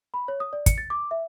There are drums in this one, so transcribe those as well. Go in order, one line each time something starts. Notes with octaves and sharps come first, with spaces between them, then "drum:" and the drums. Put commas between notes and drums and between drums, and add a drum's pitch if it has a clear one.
B5
C#5
D#6
D5
C#7, drum: kick, hi-hat
A6
D6
E5